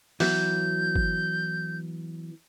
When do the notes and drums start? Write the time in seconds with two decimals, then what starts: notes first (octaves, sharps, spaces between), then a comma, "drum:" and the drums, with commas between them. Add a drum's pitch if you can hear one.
0.20 E3 F#3 B3 G6, drum: open hi-hat
0.96 drum: kick G1